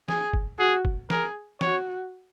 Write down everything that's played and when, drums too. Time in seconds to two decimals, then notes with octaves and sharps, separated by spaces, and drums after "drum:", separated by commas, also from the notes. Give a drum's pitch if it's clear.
0.08 G#4, drum: snare
0.33 drum: kick
0.58 F#4 G#4
0.85 drum: kick
1.10 G#4 A#4, drum: snare
1.61 F#4 C#5, drum: snare